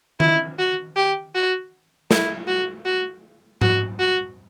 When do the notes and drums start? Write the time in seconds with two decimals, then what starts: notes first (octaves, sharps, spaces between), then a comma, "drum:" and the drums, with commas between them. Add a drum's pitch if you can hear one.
0.20 E4, drum: tom D#3
0.59 F#4
0.96 G4
1.35 F#4
2.11 E4, drum: snare
2.48 F#4
2.85 F#4
3.61 F#4, drum: tom G#2
4.00 F#4